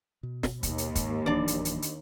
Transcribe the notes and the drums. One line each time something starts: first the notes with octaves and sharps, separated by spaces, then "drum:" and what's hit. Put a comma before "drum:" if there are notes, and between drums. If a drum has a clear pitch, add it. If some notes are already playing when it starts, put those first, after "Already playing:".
B2
drum: snare
D#2, drum: kick, hi-hat
drum: hi-hat
G#2, drum: kick, hi-hat
D1 E3 F#3 D4 D5
drum: hi-hat
drum: hi-hat
drum: hi-hat